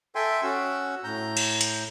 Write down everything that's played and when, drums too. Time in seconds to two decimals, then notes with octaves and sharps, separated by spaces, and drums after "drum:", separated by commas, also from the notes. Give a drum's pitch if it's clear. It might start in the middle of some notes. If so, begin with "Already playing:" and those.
0.15 A4 E5 G5 G#5 C6
0.43 C#4 F#4 E6
1.04 A2 A#5 G6
1.37 drum: cymbal
1.61 drum: hi-hat